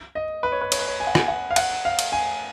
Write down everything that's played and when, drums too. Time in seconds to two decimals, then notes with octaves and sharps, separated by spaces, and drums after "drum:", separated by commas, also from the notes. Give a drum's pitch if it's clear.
0.15 D#5
0.43 B4
0.52 C#5
0.61 B4
0.72 C#5, drum: cymbal
0.80 B4
0.88 C#5
1.00 G#5
1.07 F#5
1.15 G#5, drum: rim click
1.28 F#5
1.51 F5
1.56 F#5, drum: cymbal
1.85 F5
1.99 drum: cymbal
2.12 G#5